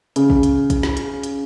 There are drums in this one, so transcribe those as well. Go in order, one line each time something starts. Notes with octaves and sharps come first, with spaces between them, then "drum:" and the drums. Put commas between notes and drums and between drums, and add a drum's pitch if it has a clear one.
C#3, drum: hi-hat
drum: kick
drum: hi-hat
drum: kick, hi-hat
drum: snare
drum: hi-hat
drum: hi-hat